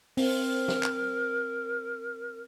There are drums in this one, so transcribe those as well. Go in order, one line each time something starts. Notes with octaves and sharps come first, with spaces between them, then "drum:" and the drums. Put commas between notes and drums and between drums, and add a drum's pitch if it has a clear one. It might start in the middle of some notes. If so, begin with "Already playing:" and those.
C4 A#4, drum: open hi-hat
drum: snare
drum: clap